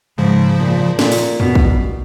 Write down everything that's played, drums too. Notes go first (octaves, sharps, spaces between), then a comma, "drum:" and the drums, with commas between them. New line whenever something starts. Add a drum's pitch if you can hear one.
G#2 C#3 F3
A#2
A#2, drum: snare
drum: open hi-hat
B2, drum: tom E2
drum: kick